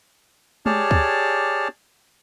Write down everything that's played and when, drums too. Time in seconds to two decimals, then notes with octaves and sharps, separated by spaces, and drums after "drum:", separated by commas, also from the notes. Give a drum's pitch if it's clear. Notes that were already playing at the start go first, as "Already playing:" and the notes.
0.66 G4 G#4 C#5 D5 A5 F6, drum: tom G#3
0.91 drum: kick D2